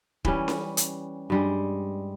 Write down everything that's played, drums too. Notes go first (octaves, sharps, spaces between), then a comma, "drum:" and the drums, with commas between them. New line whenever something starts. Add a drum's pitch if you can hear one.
E3 G3 C#4, drum: kick
drum: snare C#4
drum: hi-hat
G2 G3 G#3